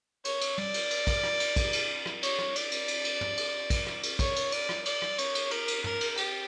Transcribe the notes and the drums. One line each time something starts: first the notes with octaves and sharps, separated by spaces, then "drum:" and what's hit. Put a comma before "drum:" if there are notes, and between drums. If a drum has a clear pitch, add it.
C#5, drum: cymbal
drum: cymbal
D5, drum: tom
drum: cymbal
drum: cymbal
drum: kick, cymbal
drum: rim click
drum: cymbal
drum: kick, cymbal
drum: cymbal
drum: rim click
C#5, drum: cymbal
drum: rim click
D5, drum: cymbal
drum: cymbal
drum: cymbal
drum: cymbal
drum: tom
drum: cymbal
drum: kick, cymbal
drum: rim click
drum: cymbal
C#5, drum: kick, cymbal
drum: cymbal
D5, drum: cymbal
drum: rim click
D5, drum: cymbal
drum: rim click
C#5, drum: cymbal
drum: cymbal
A#4, drum: cymbal
drum: cymbal
A#4, drum: tom
drum: cymbal
G4, drum: cymbal